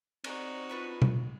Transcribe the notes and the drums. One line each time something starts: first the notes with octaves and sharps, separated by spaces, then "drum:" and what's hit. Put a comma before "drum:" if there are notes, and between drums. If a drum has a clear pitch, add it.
C4 D#4 F#4 D5 A#5, drum: cymbal
D4 F4 B4 C#6
drum: tom B2